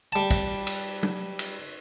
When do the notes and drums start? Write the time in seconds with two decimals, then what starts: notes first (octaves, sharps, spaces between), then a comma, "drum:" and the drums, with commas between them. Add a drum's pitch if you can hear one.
0.12 G3 A5
0.31 drum: kick, cymbal
0.67 drum: cymbal
1.03 drum: tom
1.39 drum: cymbal